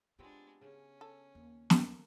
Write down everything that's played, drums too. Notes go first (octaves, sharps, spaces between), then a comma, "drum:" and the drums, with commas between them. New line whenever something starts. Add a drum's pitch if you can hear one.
G#3 B3 C4 D4 F4 G4
C#3 C#4
A4
D#2
A#3 C4 A4, drum: snare